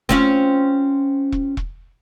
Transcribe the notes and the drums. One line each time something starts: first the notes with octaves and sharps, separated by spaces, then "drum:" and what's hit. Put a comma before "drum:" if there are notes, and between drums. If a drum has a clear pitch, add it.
C4 C#4 F4, drum: kick E1
drum: kick E1
drum: kick E1